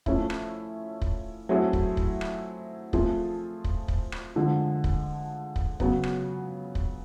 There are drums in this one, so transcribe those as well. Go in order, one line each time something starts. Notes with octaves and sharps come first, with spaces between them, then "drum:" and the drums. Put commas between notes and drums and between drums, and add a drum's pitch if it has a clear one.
F3 A3 C#4 E4, drum: kick
drum: rim click
drum: kick
F#3 A3 C4 E4 G#4
drum: kick
drum: kick
drum: rim click
F3 A3 C4 F4 G#4, drum: kick
drum: kick
drum: kick
drum: rim click
D3 F3 G#3
drum: kick
drum: kick
C#3 F#3 B3, drum: kick
drum: rim click
drum: kick